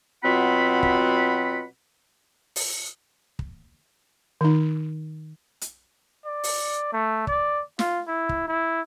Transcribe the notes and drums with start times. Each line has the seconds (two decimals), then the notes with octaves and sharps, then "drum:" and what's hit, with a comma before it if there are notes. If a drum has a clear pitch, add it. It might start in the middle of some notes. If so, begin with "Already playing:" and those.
0.24 B2 F#3 C4 F4 F#5 B5
0.83 drum: kick
2.56 drum: open hi-hat
3.39 drum: kick
4.41 D#3 D#4
5.61 drum: hi-hat
6.25 D5
6.44 drum: open hi-hat
6.92 A3
7.27 D5, drum: kick
7.79 F4, drum: snare
8.07 E4
8.29 drum: kick
8.48 E4